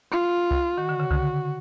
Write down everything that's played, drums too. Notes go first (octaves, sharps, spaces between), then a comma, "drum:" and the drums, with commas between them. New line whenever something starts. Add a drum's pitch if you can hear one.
F4
drum: kick C2
D#3 F#4
D3
C#3
D3, drum: kick C2